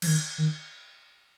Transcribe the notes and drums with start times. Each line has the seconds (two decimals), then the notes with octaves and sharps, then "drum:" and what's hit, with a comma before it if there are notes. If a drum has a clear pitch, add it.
0.02 F3, drum: cymbal
0.07 D#3
0.38 D#3